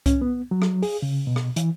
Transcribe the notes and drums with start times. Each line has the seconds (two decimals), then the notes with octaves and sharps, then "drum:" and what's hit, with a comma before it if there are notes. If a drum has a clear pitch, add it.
0.06 C#4, drum: kick C2, hi-hat
0.21 B3
0.51 F#3
0.62 drum: rim click
0.83 G#4, drum: open hi-hat
1.02 C#3
1.27 B2
1.36 drum: rim click
1.56 E3, drum: hi-hat